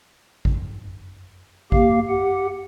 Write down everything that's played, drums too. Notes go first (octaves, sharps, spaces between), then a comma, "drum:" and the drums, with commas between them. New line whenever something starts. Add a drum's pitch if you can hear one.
drum: kick A1
A#3 G4 F5, drum: kick A1
G4 F#5